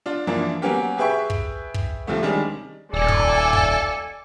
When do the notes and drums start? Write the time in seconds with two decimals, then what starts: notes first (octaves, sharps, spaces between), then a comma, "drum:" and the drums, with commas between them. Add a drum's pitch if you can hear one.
0.06 D4 F4
0.27 F#2 E3 F3 A#3 D4
0.62 F#3 A#3 B3 C#4 G4
0.98 G4 G#4 B4 E5 G5 C#6
1.30 drum: kick
1.74 drum: kick
2.07 D#2 C3 F3 A3
2.22 C3 D#3 G3 G#3 C#4 D4
2.93 D#1 A4 D5 G#5
3.08 drum: kick
3.53 drum: kick